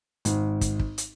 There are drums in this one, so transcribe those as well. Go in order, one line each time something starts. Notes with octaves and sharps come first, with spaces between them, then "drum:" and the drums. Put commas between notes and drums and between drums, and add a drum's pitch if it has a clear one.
G#1, drum: hi-hat
drum: kick, hi-hat
drum: kick
drum: hi-hat